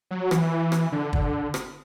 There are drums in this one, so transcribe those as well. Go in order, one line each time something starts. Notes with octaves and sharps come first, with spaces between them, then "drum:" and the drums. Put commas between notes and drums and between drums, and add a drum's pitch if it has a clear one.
F#3
E3, drum: rim click
drum: rim click
D3
drum: kick
drum: rim click